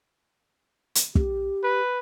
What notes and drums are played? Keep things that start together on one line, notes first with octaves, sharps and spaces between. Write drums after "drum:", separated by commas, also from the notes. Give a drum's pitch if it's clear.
drum: hi-hat
G4, drum: kick
B4